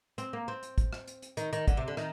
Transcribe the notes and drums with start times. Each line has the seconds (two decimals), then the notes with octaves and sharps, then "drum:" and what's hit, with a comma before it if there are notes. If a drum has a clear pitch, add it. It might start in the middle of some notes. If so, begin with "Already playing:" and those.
0.18 C4, drum: hi-hat
0.33 A#3
0.48 C4
0.63 drum: hi-hat
0.78 drum: kick, hi-hat
0.93 drum: rim click
1.07 drum: hi-hat
1.22 drum: hi-hat
1.37 D#3, drum: hi-hat
1.53 D#3, drum: hi-hat
1.68 D3, drum: kick, hi-hat
1.77 C3
1.88 D3
1.97 D#3, drum: rim click